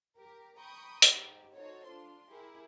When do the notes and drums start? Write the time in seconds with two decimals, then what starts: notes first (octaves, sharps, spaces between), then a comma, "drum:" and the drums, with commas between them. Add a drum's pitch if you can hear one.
0.18 G4 A#4
0.59 G5 A#5 B5 C#6 D#6 G6
1.02 drum: hi-hat
1.12 G#2 G4
1.56 D#4 F#4 A4 C5 C#5
1.88 D4 F4 C6
2.31 E4 G4 G#4 A#4